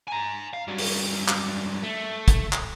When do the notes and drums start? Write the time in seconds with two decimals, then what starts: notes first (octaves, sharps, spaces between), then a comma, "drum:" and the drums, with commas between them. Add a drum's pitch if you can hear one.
0.07 G#5 A#5
0.53 F5
0.68 G2 F#3
0.78 drum: open hi-hat
1.28 drum: clap
1.83 A3
2.28 drum: kick, hi-hat
2.53 drum: clap